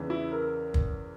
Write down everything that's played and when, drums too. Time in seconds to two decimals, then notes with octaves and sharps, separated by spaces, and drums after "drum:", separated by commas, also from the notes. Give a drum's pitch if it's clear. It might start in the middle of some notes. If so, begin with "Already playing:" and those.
Already playing: E2 C#3 E3
0.10 E4
0.32 A#4
0.74 drum: kick